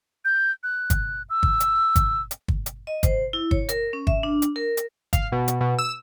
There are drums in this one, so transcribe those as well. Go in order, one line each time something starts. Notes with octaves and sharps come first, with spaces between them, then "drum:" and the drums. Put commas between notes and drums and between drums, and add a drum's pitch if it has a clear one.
G6
F#6
drum: kick G1, hi-hat
E6
drum: kick G1
drum: hi-hat
drum: kick G1, hi-hat
drum: hi-hat
drum: kick G1
drum: hi-hat
D#5
C5, drum: kick G1, hi-hat
E4
C#5, drum: kick G1
A#4, drum: hi-hat
C#4
E5, drum: kick G1
D4
drum: hi-hat
A#4
drum: hi-hat
F5, drum: kick G1, hi-hat
B2
drum: hi-hat
B2
E6